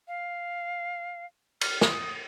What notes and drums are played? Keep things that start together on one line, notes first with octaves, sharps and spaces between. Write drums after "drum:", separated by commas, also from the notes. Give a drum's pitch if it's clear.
F5
F6, drum: cymbal
D#6, drum: snare